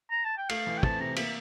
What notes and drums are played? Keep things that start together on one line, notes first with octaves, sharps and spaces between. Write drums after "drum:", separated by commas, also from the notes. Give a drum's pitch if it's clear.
A#5
A5
G5
A3 F5, drum: cymbal
E3
G5
C4 A5, drum: kick
C3 A#5
A#3 E5, drum: cymbal